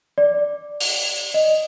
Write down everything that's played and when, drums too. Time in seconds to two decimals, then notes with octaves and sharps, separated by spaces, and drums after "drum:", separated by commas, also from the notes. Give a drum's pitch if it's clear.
0.18 D5
0.80 drum: open hi-hat
1.34 D#5